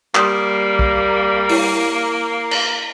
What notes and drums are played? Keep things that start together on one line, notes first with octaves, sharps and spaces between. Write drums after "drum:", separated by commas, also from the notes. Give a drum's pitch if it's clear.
G3 A#3 C6 D#6, drum: clap
drum: kick B1
E4 G4 C#5, drum: open hi-hat
drum: cymbal